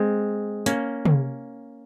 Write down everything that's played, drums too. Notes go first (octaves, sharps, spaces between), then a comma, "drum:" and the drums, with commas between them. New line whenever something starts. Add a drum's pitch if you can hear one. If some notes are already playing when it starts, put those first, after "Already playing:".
Already playing: G#3 C4
A#3 C#4, drum: hi-hat
drum: tom